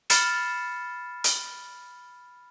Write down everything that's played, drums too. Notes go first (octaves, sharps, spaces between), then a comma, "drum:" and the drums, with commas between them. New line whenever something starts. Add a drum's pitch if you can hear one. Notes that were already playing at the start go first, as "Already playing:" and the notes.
B5 F6 A6 C7 C#7 E7, drum: hi-hat
drum: hi-hat